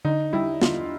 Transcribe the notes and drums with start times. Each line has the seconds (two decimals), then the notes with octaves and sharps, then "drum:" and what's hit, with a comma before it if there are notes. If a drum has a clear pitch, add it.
0.05 D3 D#4
0.33 G3 E4
0.62 D3 F4, drum: snare